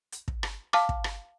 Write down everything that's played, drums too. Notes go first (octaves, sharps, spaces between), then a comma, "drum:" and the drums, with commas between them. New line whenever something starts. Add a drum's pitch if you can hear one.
drum: hi-hat
drum: kick
drum: rim click
F5 A5 D6 F6, drum: rim click
drum: kick
drum: rim click